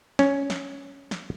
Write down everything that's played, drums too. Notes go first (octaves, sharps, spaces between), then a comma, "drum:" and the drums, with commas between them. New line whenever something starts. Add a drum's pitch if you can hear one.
C#4, drum: snare
drum: snare
drum: snare